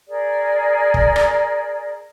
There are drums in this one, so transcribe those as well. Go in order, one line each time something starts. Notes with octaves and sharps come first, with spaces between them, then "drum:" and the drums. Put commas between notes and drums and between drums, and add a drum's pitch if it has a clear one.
G#4 A#4 D5
drum: kick
drum: rim click